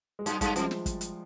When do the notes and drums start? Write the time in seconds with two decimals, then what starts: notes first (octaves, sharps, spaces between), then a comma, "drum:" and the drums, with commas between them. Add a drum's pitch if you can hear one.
0.19 G#3
0.26 G2 G3, drum: hi-hat
0.41 G2 G#3, drum: kick, hi-hat
0.56 F2 F3, drum: hi-hat
0.71 drum: snare
0.86 drum: kick, hi-hat
1.01 drum: hi-hat